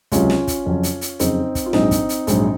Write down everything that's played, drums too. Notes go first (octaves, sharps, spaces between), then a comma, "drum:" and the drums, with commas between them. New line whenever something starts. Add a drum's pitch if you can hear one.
C#2 C3 F#3 C#4 F4, drum: kick, hi-hat
drum: snare
drum: kick, hi-hat
F2 C#3 F#3
drum: hi-hat
drum: hi-hat
F2 C#3 F#3 C4 D#4, drum: hi-hat
drum: kick, hi-hat
F4
A#1 G#2 F#3 C4 D#4, drum: snare
drum: kick, hi-hat
drum: hi-hat
A#1 G#2 F#3, drum: hi-hat